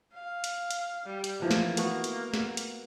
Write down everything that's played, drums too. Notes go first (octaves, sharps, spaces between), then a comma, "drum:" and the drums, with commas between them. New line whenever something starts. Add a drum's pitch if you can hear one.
F5
drum: hi-hat
drum: hi-hat
G3
drum: hi-hat
E3 F3 A#3 F#5
drum: snare
A3 B3 F#4, drum: hi-hat
drum: hi-hat
F#5, drum: snare
drum: hi-hat